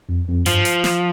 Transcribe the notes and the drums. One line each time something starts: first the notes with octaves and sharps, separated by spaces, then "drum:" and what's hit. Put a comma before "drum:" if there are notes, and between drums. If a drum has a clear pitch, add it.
F2
F2
G2 F3, drum: hi-hat
drum: hi-hat
drum: snare